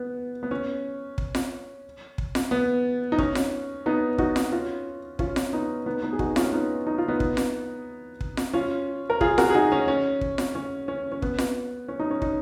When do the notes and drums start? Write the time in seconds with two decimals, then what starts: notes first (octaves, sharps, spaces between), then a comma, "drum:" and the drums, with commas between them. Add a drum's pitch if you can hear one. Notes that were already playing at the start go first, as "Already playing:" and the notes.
Already playing: B3
0.43 B3
0.51 C#4
1.18 drum: kick
1.35 drum: snare F4
2.18 drum: kick
2.35 drum: snare F4
2.51 B3
3.12 D#4
3.18 C#4, drum: kick
3.35 drum: snare F4
3.86 B3 D#4
4.18 D#4 F#4, drum: kick
4.36 drum: snare F4
4.52 C#4 F4
5.19 C#4 F4, drum: kick
5.36 drum: snare F4
5.53 B3 D#4
5.86 B3 D#4
6.03 B3 D#4
6.13 G#4
6.19 D#4 F#4, drum: kick
6.36 C#4 F4, drum: snare F4
6.53 B3 D#4
6.87 D#4
6.98 F4
7.08 B3 D#4
7.20 drum: kick
7.37 drum: snare F4
8.21 drum: kick
8.37 drum: snare F4
8.53 C#4 F4
9.10 A#4
9.21 F4 G#4, drum: kick
9.38 F#4 A#4, drum: snare F4
9.50 G#4
9.55 D#4 F#4
9.72 C#4
9.88 C#4
10.21 drum: kick
10.38 drum: snare F4
10.55 C#4
10.88 C#4
11.12 C#4
11.22 B3, drum: kick
11.38 drum: snare F4
11.88 C#4
12.00 D#4
12.10 C#4
12.22 D#4, drum: kick